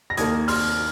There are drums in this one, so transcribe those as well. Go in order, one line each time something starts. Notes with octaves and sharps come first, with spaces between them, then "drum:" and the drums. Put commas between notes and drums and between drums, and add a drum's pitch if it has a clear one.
A#6
D#2 D#3 A#3 D#6 G#6, drum: hi-hat
C6 F6, drum: open hi-hat